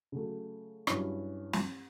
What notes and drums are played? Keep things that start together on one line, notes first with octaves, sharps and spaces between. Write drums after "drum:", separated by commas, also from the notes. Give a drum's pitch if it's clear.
C#3 F#3 A3
G2 F#3 C#4 E4, drum: rim click
drum: snare